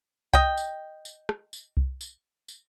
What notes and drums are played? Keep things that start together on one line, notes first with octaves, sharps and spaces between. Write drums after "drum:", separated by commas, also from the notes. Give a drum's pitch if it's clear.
D#5 G5, drum: kick C2
drum: tambourine
drum: tambourine
drum: rim click
drum: tambourine
drum: kick C2
drum: tambourine
drum: tambourine